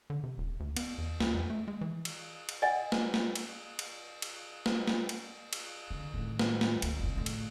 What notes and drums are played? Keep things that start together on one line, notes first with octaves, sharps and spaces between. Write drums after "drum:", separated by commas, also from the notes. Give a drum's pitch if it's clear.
D3
C3
D#1
D2
B3, drum: cymbal
E2
C#2, drum: snare
F2
A3
G#3
E3
drum: cymbal
drum: cymbal
D5 D#5 F#5 G#5
drum: snare
drum: snare
drum: cymbal
drum: cymbal
drum: cymbal
drum: snare
drum: snare
drum: cymbal
drum: cymbal
D3
A2 D#3
drum: snare
drum: snare
D2, drum: cymbal
F#1 C2
D2 A2
drum: cymbal